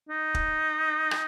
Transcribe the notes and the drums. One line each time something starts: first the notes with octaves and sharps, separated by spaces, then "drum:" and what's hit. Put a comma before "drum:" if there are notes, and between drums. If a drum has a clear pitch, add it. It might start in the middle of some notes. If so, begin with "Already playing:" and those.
D#4
drum: kick
drum: rim click